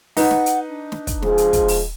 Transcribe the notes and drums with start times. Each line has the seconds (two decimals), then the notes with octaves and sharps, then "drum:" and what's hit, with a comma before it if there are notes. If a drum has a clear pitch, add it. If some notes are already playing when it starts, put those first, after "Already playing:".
0.17 D#4 B4 F#5, drum: open hi-hat
0.31 drum: snare
0.46 drum: hi-hat
0.68 D4
0.92 drum: snare
1.07 drum: kick, hi-hat
1.22 F3 G#3 G#4, drum: snare
1.38 drum: hi-hat
1.53 drum: kick, hi-hat
1.68 drum: open hi-hat